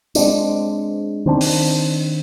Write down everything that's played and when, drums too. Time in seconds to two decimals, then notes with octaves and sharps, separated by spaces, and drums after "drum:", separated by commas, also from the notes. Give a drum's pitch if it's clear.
0.15 G#3 C4 D4, drum: tambourine
1.26 D#3 C4 D4
1.41 drum: open hi-hat